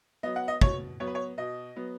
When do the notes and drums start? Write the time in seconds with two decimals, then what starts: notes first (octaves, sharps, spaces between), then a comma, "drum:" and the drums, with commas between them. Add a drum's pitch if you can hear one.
0.23 F#3 B3 D#5
0.36 F#5
0.48 D#5
0.61 B2 C#5, drum: kick
1.00 F#3 B3 C#5
1.07 B4
1.15 C#5
1.38 B2 D#5
1.76 F#3 B3